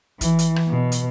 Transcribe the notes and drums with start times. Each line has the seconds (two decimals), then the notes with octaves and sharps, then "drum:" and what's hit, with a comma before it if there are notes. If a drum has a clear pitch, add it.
0.21 E3, drum: kick, hi-hat
0.39 drum: hi-hat
0.56 drum: rim click
0.68 B2
0.92 drum: hi-hat